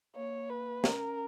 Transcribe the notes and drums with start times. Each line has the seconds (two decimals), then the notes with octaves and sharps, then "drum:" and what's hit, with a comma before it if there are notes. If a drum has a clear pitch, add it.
0.16 A#3 C#5
0.50 B4
0.84 C#4 A#4, drum: snare